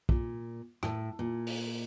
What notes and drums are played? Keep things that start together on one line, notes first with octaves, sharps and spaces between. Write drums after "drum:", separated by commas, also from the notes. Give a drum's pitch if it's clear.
A#2, drum: kick
A2, drum: rim click
A#2
drum: open hi-hat